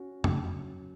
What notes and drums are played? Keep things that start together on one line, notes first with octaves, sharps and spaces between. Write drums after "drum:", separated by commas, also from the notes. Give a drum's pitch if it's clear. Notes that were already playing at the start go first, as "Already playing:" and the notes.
Already playing: C#4 F#4
C#3 F#3, drum: tom